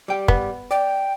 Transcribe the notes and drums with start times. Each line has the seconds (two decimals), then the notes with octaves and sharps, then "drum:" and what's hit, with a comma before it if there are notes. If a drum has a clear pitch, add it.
0.08 G3 G5
0.28 B3, drum: kick
0.71 D5 G5